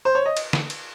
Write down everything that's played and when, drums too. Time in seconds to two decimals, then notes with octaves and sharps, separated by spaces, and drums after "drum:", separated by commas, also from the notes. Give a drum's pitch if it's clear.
0.05 C5
0.15 C#5
0.26 D#5
0.37 drum: cymbal
0.53 drum: snare
0.70 drum: cymbal